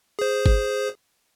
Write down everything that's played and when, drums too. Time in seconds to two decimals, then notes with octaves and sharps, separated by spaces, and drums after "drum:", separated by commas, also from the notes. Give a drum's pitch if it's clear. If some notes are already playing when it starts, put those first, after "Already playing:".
0.19 G#4 C5
0.46 drum: kick G1